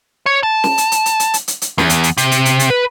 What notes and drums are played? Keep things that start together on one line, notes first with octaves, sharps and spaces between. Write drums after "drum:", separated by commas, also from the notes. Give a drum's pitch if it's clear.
C#5
A5
drum: snare
drum: hi-hat
drum: hi-hat
drum: hi-hat
drum: hi-hat
drum: hi-hat
drum: hi-hat
drum: hi-hat
E2, drum: snare
drum: hi-hat
drum: hi-hat
C3, drum: hi-hat
drum: hi-hat
drum: hi-hat
drum: hi-hat
B4